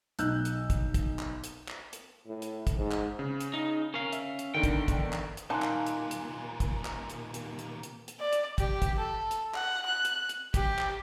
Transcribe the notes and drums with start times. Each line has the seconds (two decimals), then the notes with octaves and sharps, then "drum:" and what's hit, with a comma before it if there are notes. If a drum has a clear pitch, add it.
0.19 B1 E6 F#6 G6, drum: hi-hat
0.45 drum: hi-hat
0.70 drum: kick, hi-hat
0.94 drum: kick, hi-hat
1.19 drum: clap
1.44 drum: hi-hat
1.68 drum: clap
1.93 drum: hi-hat
2.26 A2
2.42 drum: hi-hat
2.67 drum: kick, hi-hat
2.76 G#2
2.91 drum: clap
3.19 C#3
3.40 drum: hi-hat
3.54 D#4
3.94 C#4 A#4 F5
4.13 E5, drum: hi-hat
4.39 drum: hi-hat
4.54 E2 D3 D#3 G5
4.63 drum: kick, hi-hat
4.88 drum: kick, hi-hat
5.13 drum: clap
5.37 drum: hi-hat
5.50 D#2 A#2 A#3 D#4 G#5 A5 C6 F#6
5.62 drum: clap
5.87 drum: hi-hat
6.11 drum: hi-hat
6.60 drum: kick, hi-hat
6.85 drum: clap
7.10 drum: hi-hat
7.34 drum: hi-hat
7.59 drum: hi-hat
7.83 drum: hi-hat
8.08 drum: hi-hat
8.20 D5
8.33 drum: hi-hat
8.58 G4, drum: kick, hi-hat
8.82 drum: kick, hi-hat
8.99 A4
9.31 drum: hi-hat
9.54 F#5, drum: clap
9.85 F#6
10.05 drum: hi-hat
10.29 drum: hi-hat
10.54 G4, drum: kick, hi-hat
10.79 drum: clap